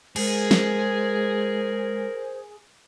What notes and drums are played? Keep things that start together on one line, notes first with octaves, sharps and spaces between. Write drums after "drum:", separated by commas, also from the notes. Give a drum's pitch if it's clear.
G#3 G#4 A#4 C5, drum: cymbal
drum: snare